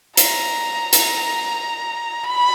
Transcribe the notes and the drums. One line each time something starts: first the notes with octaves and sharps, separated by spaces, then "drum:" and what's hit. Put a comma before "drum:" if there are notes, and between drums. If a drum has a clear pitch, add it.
A#5, drum: hi-hat
drum: hi-hat
B5